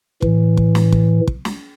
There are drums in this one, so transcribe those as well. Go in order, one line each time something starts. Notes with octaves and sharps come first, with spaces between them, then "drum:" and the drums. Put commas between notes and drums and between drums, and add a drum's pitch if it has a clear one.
A2 E3, drum: kick
drum: kick
drum: snare
drum: kick
drum: kick
drum: snare